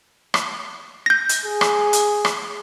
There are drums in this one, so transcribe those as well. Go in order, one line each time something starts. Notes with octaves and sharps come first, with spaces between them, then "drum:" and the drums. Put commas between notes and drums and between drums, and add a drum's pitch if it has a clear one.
drum: rim click
G6 A#6
drum: hi-hat
G#4
drum: rim click
drum: hi-hat
drum: rim click